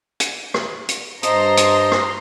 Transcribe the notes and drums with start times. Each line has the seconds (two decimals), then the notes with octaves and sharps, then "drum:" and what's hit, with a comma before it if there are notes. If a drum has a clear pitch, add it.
0.20 drum: hi-hat
0.54 drum: rim click
0.89 drum: hi-hat
1.23 G2 C5 D#5 A5 A#5 C6 D#6, drum: hi-hat
1.57 drum: hi-hat
1.92 drum: rim click